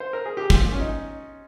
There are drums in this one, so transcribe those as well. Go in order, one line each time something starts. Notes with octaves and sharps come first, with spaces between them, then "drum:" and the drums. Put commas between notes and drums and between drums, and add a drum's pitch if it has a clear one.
C5
A#4
G#4
G4
F4, drum: kick
C#4
D#4